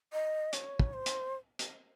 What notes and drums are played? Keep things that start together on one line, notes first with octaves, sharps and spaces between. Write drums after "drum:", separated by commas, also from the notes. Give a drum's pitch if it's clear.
D#5
C#5, drum: hi-hat
drum: kick
C5
drum: hi-hat
drum: hi-hat